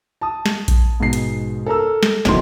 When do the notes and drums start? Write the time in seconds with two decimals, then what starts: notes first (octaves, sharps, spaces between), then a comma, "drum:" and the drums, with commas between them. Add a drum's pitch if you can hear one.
0.21 A5 D#6
0.46 drum: snare
0.68 drum: kick A#1, hi-hat
1.00 G#2 B2 C7
1.13 drum: hi-hat
1.66 A4 A#4 A#5 E6
2.03 drum: snare
2.25 D1 B1 D#3 B3 C6, drum: snare